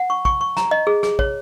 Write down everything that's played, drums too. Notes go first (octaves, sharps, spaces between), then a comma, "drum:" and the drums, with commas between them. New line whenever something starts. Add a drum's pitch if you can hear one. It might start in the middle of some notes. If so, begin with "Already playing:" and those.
Already playing: F#5
C#6
C#6, drum: kick
C#6
A#5, drum: snare
D#5
G#4
G#4, drum: snare
C#5, drum: kick